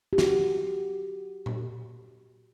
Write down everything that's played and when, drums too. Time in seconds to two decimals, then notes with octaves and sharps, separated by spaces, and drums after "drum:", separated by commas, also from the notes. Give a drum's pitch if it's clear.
0.13 G4
0.18 F#4, drum: snare
1.46 drum: tom A#2